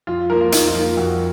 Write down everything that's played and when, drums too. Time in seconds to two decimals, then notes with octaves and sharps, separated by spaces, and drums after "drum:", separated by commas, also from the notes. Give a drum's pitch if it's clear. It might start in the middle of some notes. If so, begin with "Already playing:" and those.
0.07 F2 F4
0.30 F3 A#3 A#4
0.41 F4
0.52 F2 D#4, drum: hi-hat
0.67 F4
0.75 F3 A#3
0.82 F4
0.97 F2 F#4